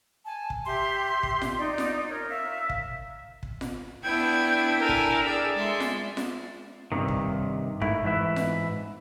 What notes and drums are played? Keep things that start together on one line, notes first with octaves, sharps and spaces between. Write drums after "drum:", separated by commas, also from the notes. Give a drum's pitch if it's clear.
G#5 A5
drum: kick
G4 E5 C6
drum: kick
drum: snare F4
D#4 D5
drum: snare F4
A#4 C#5
E5 F5
drum: kick
drum: kick
drum: snare F4
B3 D4 E4 G5 G6 G#6
A4 A#4 G#5
drum: kick
G#4 D5 E6
G#3 E5 C6
drum: snare F4
drum: snare F4
G2 C3 D#3
drum: kick
G#2 A3 E4, drum: kick
G#2 E3 B4 E5
drum: snare F4